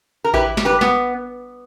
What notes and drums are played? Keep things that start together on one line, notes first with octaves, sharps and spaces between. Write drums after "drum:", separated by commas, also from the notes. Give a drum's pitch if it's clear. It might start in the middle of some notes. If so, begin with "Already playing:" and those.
A#4
E4 G4 B4, drum: kick A1
G3, drum: snare
G4 B4
B3, drum: snare